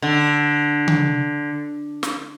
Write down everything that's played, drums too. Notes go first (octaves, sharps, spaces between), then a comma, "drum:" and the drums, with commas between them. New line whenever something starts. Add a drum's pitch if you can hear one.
D3
drum: tom C#3
drum: snare